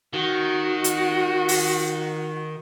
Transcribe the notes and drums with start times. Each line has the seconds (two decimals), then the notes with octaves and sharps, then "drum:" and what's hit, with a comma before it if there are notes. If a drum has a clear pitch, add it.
0.13 D#3 F#4
0.84 drum: hi-hat
1.49 drum: open hi-hat